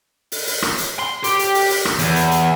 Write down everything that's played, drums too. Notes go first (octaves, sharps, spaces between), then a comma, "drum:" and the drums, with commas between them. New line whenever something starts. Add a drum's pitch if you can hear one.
drum: open hi-hat
drum: open hi-hat
drum: rim click
drum: hi-hat
C6
G4, drum: hi-hat
drum: hi-hat
drum: open hi-hat
drum: open hi-hat
drum: rim click
E2, drum: hi-hat
drum: hi-hat
drum: hi-hat